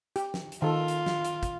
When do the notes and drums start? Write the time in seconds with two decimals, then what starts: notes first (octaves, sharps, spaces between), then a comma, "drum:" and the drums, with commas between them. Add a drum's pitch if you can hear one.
0.16 G4, drum: hi-hat
0.34 drum: snare
0.52 drum: hi-hat
0.62 D#3 F4 A4
0.88 drum: hi-hat
1.06 drum: snare
1.25 drum: hi-hat
1.43 drum: kick, hi-hat